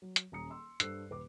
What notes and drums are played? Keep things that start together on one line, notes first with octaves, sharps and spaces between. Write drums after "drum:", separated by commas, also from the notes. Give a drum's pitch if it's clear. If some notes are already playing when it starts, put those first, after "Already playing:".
F#3
drum: hi-hat
D#1 C#4 A#5 D#6 C#7
C6 E6
G2 A4 C5 E6 F#6 C7, drum: hi-hat
D#1 B4 D6